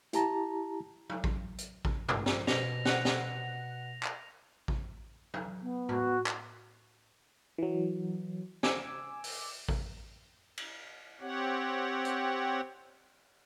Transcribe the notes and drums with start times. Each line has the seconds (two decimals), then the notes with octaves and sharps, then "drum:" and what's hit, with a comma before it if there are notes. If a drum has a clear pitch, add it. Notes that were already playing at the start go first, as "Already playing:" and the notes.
0.13 E4 G4 A5 A#5, drum: hi-hat
1.10 drum: tom
1.24 drum: kick A1
1.58 drum: hi-hat
1.85 drum: kick A1
2.09 drum: tom G2
2.26 A#1, drum: snare
2.47 B2 A#6 F7, drum: snare
2.85 F#5, drum: snare
3.05 drum: snare
4.03 drum: clap
4.68 drum: kick A1
5.34 drum: tom
5.62 B3
5.89 F#4, drum: tom A2
6.26 drum: clap
7.58 E3 F#3
8.63 G#5 D6 E6, drum: snare
9.24 drum: open hi-hat
9.69 drum: kick A1
10.58 drum: cymbal
11.21 C4 G4 C#5 F#5
12.05 drum: hi-hat